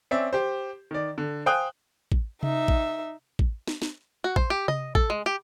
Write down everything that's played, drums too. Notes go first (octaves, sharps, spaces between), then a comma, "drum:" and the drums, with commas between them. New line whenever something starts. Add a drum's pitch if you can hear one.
C4 C#4 D5 E5
G4 C5
D#3 D5
D3
C5 F5 G5 G#5 D#6 F#6
drum: kick A1
D#4 E5, drum: tom C3
drum: kick A1
drum: kick A1
drum: snare
drum: snare
F#4
C5, drum: kick A1
G4
D#5, drum: tom C3
A4, drum: kick A1
G#3
G4